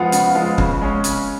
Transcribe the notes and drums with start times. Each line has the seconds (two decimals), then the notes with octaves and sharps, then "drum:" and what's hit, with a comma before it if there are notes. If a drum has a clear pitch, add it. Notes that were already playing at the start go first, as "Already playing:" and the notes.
Already playing: F3 G#3 B3 F4 F#5
0.12 C#3, drum: hi-hat
0.35 F3 G#3 B3 F4
0.58 C#3, drum: kick
0.82 G#3 C#4
1.04 C#3, drum: hi-hat